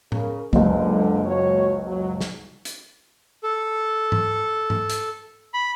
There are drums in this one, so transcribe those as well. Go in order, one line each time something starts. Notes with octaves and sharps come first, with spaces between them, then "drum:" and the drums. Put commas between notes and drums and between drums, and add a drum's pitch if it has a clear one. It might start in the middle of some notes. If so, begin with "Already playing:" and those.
C#3 A#4, drum: tom A2
F#1 C#2 D3, drum: kick
F#4 C#5
F#3
drum: snare
drum: hi-hat
A4
drum: tom G#2
drum: tom G#2
drum: hi-hat
B5